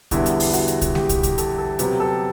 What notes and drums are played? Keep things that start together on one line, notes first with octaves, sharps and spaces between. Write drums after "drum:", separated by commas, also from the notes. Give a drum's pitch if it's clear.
E2 D3 G3 B3 E4, drum: kick, hi-hat
drum: hi-hat
drum: open hi-hat
F#4, drum: hi-hat
drum: hi-hat
drum: kick, hi-hat
G4, drum: snare G#3
drum: kick, hi-hat
drum: kick, hi-hat
A4, drum: hi-hat
A4
C3 F#3 B3 G4, drum: hi-hat
A4